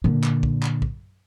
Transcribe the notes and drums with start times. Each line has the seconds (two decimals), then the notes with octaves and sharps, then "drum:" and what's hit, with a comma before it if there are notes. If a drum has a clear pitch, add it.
0.04 A#2 D3
0.24 drum: clap
0.43 drum: kick
0.63 drum: clap
0.82 drum: kick